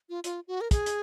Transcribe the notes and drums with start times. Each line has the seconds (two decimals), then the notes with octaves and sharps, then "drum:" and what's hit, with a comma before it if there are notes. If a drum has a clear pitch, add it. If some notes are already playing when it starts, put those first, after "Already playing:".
0.09 F4
0.24 F4, drum: hi-hat
0.48 F#4
0.61 A#4
0.71 G#4, drum: kick, hi-hat
0.86 drum: hi-hat